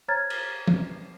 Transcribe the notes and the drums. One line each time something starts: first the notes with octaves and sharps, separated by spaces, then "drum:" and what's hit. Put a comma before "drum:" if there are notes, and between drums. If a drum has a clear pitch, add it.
C5 C#5 A#5 F6 G#6 A6
drum: cymbal
drum: tom